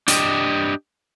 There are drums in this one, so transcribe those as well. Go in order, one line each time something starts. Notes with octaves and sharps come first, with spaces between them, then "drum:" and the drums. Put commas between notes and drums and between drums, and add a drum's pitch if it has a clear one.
D4 G4 D#5, drum: hi-hat